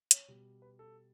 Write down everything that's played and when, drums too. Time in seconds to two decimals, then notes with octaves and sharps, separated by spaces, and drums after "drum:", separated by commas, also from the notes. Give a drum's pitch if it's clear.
0.11 C#5, drum: hi-hat
0.28 B2 G3
0.62 B4
0.79 A4